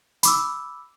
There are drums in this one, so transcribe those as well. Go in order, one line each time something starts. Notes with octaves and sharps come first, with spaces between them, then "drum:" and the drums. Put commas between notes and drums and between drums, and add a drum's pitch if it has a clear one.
B5 D6 E6, drum: hi-hat